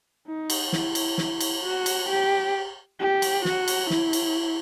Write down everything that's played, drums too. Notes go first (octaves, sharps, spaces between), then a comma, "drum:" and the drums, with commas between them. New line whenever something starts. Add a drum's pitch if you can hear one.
D#4
drum: cymbal
E4, drum: snare
drum: cymbal
drum: snare
drum: cymbal
F#4
drum: cymbal
G4
G4
drum: cymbal
F#4, drum: snare
drum: cymbal
E4, drum: snare
drum: cymbal